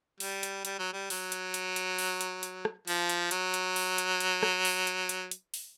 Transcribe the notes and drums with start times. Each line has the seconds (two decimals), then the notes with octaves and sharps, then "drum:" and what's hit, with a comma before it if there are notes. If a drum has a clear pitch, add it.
0.20 G3, drum: open hi-hat
0.43 drum: hi-hat
0.65 G3, drum: hi-hat
0.79 F#3
0.93 G3
1.10 F#3, drum: open hi-hat
1.32 drum: hi-hat
1.54 drum: hi-hat
1.76 drum: hi-hat
1.98 drum: open hi-hat
2.21 drum: hi-hat
2.43 drum: hi-hat
2.65 drum: rim click
2.87 F3, drum: open hi-hat
3.09 drum: hi-hat
3.31 F#3, drum: hi-hat
3.54 drum: hi-hat
3.76 drum: open hi-hat
3.98 drum: hi-hat
4.20 drum: hi-hat
4.43 drum: rim click
4.65 drum: open hi-hat
4.87 drum: hi-hat
5.09 drum: hi-hat
5.31 drum: hi-hat
5.54 drum: open hi-hat